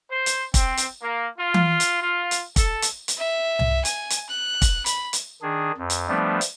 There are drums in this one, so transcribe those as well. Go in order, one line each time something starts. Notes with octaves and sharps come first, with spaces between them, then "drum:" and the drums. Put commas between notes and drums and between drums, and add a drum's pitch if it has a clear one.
C5
drum: hi-hat
C4, drum: kick, hi-hat
drum: hi-hat
A#3
F4
drum: tom E3
drum: hi-hat
F4
drum: hi-hat
A4, drum: kick, hi-hat
drum: hi-hat
drum: hi-hat
E5
drum: tom C2
G#5, drum: hi-hat
drum: hi-hat
F#6
drum: kick, hi-hat
B5, drum: hi-hat
drum: hi-hat
D#3 D4 G#4
F2
drum: hi-hat
F3 G3 A3 B3 D4
drum: hi-hat